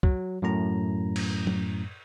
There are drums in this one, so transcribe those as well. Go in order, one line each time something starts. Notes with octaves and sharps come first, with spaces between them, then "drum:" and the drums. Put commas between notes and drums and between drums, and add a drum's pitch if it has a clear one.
F#3, drum: kick
F#2 A2 A#5
drum: cymbal
drum: tom F#3